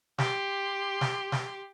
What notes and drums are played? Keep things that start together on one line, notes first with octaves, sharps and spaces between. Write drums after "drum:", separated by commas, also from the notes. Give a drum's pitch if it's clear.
G4 C6, drum: snare
drum: snare
drum: snare